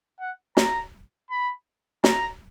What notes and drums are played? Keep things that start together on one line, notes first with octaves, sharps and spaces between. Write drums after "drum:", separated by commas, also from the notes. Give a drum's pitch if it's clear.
F#5
A#5, drum: snare
B5
A#5, drum: snare